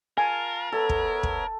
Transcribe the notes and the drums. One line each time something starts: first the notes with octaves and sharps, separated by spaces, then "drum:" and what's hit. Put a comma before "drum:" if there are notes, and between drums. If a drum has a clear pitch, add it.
F4 A#4 F5 G#5 A5
B3 A4 C#5 E5
drum: kick
drum: kick